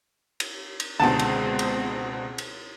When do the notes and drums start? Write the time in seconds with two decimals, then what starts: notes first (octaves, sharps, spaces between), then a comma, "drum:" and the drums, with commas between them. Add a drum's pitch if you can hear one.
0.40 drum: cymbal
0.80 drum: cymbal
1.00 C#2 B2 D3 G#3 C4 A5
1.19 drum: cymbal
1.59 drum: cymbal
2.38 drum: cymbal